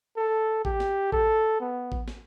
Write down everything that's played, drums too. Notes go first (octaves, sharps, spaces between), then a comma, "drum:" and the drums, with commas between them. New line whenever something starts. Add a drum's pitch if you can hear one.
A4
G4, drum: kick
drum: snare
A4, drum: kick
B3
drum: kick
drum: snare